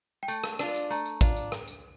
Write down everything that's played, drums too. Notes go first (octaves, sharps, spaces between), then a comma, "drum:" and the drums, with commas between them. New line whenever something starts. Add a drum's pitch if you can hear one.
G5
A3 A5, drum: tambourine
drum: rim click
D4 F4, drum: rim click
drum: tambourine
A3 A#5, drum: tambourine
drum: tambourine
D4 F4, drum: kick A1, tambourine
drum: tambourine
drum: rim click
drum: tambourine